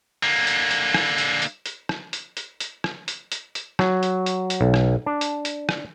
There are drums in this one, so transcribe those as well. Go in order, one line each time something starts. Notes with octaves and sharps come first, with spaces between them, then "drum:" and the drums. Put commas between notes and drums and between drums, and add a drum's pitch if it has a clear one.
D3 A#3
drum: hi-hat
drum: hi-hat
drum: rim click
drum: hi-hat
drum: hi-hat
drum: hi-hat
drum: rim click
drum: hi-hat
drum: hi-hat
drum: hi-hat
drum: rim click
drum: hi-hat
drum: hi-hat
drum: hi-hat
F#3, drum: rim click
drum: hi-hat
drum: hi-hat
drum: hi-hat
B1
drum: rim click
D4
drum: hi-hat
drum: hi-hat
drum: rim click